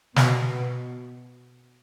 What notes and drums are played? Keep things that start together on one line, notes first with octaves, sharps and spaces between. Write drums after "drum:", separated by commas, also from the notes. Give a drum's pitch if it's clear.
B2, drum: snare